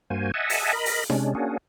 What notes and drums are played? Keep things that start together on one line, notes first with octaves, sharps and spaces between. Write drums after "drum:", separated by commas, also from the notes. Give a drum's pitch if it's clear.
G2 A#3 F#4 C5 G#5
D#5 E5 F#5 G#5 A5
drum: open hi-hat
A#4 D#5 B5
drum: open hi-hat
C3 G#3 C#4 D4, drum: snare D#4
A#3 C#4 D4 F#4 G#4